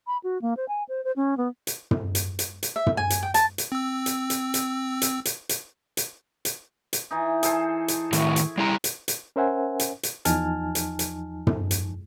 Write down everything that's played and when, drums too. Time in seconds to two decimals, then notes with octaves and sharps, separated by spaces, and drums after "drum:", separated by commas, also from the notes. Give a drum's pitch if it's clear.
0.07 B5
0.23 F#4
0.42 A#3
0.57 C5
0.68 G#5
0.89 C5
1.04 C5
1.16 C#4
1.37 B3
1.67 drum: hi-hat
1.91 drum: tom
2.15 drum: hi-hat
2.39 drum: hi-hat
2.63 drum: hi-hat
2.76 E5
2.86 drum: tom
2.97 G#5
3.10 drum: hi-hat
3.23 G5
3.34 A5, drum: hi-hat
3.58 drum: hi-hat
3.72 C4 E6
4.06 drum: hi-hat
4.30 drum: hi-hat
4.54 drum: hi-hat
5.02 drum: hi-hat
5.25 drum: hi-hat
5.49 drum: hi-hat
5.97 drum: hi-hat
6.45 drum: hi-hat
6.93 drum: hi-hat
7.11 E3 D#4
7.43 G#4 A4 C5, drum: hi-hat
7.88 drum: hi-hat
8.13 A2 D#3 E4 C#6, drum: hi-hat
8.36 drum: hi-hat
8.58 G3 E4 A#5 C6
8.84 drum: hi-hat
9.08 drum: hi-hat
9.36 C#4 A#4 C5 E5 F#5 G#5
9.79 drum: hi-hat
10.03 drum: hi-hat
10.25 E2 F3 D#4 G#5 A5 F6, drum: hi-hat
10.75 drum: hi-hat
10.99 drum: hi-hat
11.47 drum: tom
11.71 drum: hi-hat